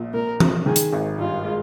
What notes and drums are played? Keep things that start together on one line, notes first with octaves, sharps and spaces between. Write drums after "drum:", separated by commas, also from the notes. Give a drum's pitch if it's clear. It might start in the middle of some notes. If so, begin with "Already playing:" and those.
Already playing: A#1 A#2
A#2 A#4
F3, drum: tom
D#3 G#4
drum: hi-hat
G#1
G2 F4
G#3